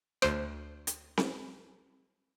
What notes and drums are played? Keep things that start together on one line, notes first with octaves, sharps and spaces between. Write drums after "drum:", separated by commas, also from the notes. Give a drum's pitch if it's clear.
D2 C5, drum: rim click
drum: hi-hat
drum: snare C4